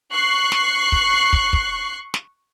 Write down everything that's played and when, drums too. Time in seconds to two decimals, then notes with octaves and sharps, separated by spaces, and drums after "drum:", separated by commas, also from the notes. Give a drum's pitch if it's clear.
0.11 C#6 F#6 C7
0.52 drum: snare
0.92 drum: kick
1.33 drum: kick
1.53 drum: kick
2.14 drum: snare